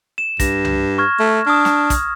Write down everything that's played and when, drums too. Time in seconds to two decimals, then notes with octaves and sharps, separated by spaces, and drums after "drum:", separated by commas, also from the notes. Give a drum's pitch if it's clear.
0.18 E7
0.40 G2 A#6, drum: kick, hi-hat
0.65 drum: tom C2
0.98 C#6 F6 G#6
1.20 A3
1.47 D4 D#6 F6
1.65 drum: snare
1.90 drum: kick, hi-hat